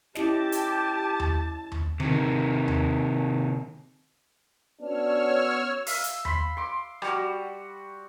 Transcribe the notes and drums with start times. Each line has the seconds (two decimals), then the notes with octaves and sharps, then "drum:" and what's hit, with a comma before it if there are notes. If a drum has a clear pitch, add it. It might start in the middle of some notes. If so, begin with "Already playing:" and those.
0.15 C#4 E4 G4 D#5 A5, drum: snare
0.52 drum: hi-hat
1.20 drum: tom D#2
1.72 drum: tom D#2
2.00 C3 D#3, drum: tom D3
2.68 drum: tom D#2
4.81 B3 C#4 D4 F#4 C#5 E6 F6
5.87 E5 F5, drum: open hi-hat
6.04 drum: hi-hat
6.25 B5 C6, drum: tom D#2
6.57 C6 D6
7.02 G3 F#4, drum: rim click